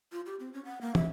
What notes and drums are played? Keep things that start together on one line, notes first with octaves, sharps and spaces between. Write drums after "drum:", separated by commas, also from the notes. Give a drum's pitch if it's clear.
F4
G4
C4
C#4
F#5
A#3
E5, drum: tom